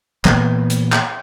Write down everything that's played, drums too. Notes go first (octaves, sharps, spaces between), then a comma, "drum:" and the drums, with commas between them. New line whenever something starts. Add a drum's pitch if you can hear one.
A#2 E3 A#3 B3, drum: clap
drum: hi-hat
drum: clap